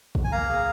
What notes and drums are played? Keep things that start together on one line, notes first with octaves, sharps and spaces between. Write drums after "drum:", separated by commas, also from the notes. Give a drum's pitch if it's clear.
drum: kick
G#5
A#3 F5 A#5
G#4